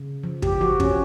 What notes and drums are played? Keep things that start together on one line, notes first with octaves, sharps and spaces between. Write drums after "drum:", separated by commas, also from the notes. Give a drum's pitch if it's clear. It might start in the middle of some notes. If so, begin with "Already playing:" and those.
Already playing: C#3
F3
G4, drum: kick
F3 F#4
C#4, drum: kick